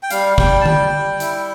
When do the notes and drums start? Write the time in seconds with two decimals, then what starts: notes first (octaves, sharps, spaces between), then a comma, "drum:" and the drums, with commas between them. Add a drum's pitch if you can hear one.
0.03 G5
0.10 G3 F5, drum: hi-hat
0.38 G3 G5, drum: kick
0.61 A5
0.66 G3 G5, drum: tom D3
0.92 G3
1.20 E4, drum: hi-hat